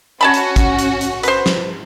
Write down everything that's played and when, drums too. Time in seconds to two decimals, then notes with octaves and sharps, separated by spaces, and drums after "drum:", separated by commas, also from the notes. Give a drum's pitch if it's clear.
0.21 C#4 F#4 C#5 A5 B5
0.34 drum: hi-hat
0.56 drum: kick, hi-hat
0.79 drum: hi-hat
1.01 drum: hi-hat
1.23 B4 C5, drum: hi-hat
1.46 drum: snare